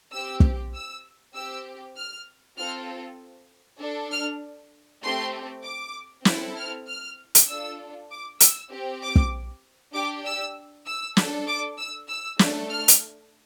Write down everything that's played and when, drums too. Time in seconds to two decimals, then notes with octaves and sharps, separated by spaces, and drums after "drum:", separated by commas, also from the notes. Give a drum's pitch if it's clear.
0.12 C4 G4 E6
0.40 drum: kick
0.74 E6
1.35 C4 G4 E6
1.96 F6
2.57 C4 F4 A4 F6
3.80 D4 A4
4.12 F6
5.03 A3 C4 G4 C6
5.64 D6
6.25 C4 E4 A4, drum: snare
6.57 F6
6.87 F6
7.35 drum: hi-hat
7.48 D4 F4 A4 E6
8.10 D6
8.40 E6, drum: hi-hat
8.70 C4 G4
9.02 D6
9.16 drum: kick
9.94 D4 G4 D6
10.25 E6
10.86 E6
11.17 D4 A4, drum: snare
11.47 D6
11.78 E6
12.08 E6
12.39 A3 D4 A4, drum: snare
12.70 F6
12.88 drum: hi-hat